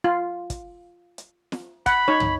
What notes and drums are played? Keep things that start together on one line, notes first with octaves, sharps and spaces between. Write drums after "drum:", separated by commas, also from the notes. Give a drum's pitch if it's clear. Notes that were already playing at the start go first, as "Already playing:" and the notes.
F4
drum: kick, hi-hat
drum: hi-hat
drum: snare
F#5 B5, drum: kick, hi-hat
D#4 C#5
drum: tom